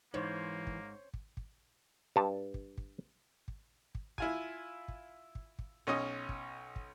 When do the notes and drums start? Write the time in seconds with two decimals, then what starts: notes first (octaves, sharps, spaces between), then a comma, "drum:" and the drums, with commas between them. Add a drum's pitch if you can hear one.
0.14 G#2 E3 A#3 C5 C#5
0.67 drum: kick
1.14 drum: kick
1.37 drum: kick
2.16 G2 A5
2.54 drum: kick
2.78 drum: kick
3.48 drum: kick
3.95 drum: kick
4.18 E4 F4 G#5, drum: kick
4.88 drum: kick
5.35 drum: kick
5.59 drum: kick
5.87 B1 C#4 D#5
6.29 drum: kick
6.76 drum: kick